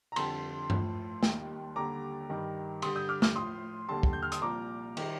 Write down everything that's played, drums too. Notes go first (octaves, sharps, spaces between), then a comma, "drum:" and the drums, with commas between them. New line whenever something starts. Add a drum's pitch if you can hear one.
A#5
F2 D3 G3 A5 C6, drum: cymbal
A2 F3, drum: tom G2
D#2 D#3 G3, drum: snare
D#2 D3 G3 A#5 D6
G2 D#3 G3
G2 D3 G3 C6 D#6, drum: cymbal
D#6 G6
D6 F6
D6 F6, drum: snare
A2 F3 C6 D#6
D#2 D3 G3 A5 C6
drum: kick
G6
F6
D#6, drum: hi-hat
C2 A#2 F3 A#5 D6
D#3 G3, drum: cymbal